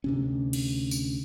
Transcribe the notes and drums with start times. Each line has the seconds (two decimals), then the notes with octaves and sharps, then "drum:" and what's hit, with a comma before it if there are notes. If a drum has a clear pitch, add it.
0.04 D2 C3 C#4
0.53 drum: cymbal
0.91 drum: tambourine